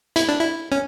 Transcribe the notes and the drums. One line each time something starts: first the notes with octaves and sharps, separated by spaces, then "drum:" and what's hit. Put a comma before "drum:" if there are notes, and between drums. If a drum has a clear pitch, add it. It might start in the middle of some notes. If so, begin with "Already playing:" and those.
E4, drum: hi-hat
D4
E4
C#4